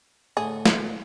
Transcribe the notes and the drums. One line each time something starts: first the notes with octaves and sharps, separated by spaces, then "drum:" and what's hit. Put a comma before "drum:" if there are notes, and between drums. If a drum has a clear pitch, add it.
A2 D3 G#4
drum: snare